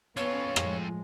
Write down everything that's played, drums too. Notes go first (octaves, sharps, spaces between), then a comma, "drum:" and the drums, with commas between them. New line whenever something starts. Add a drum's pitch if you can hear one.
B3 C#4 F4 A4 C#5
A2 F3 G#3, drum: rim click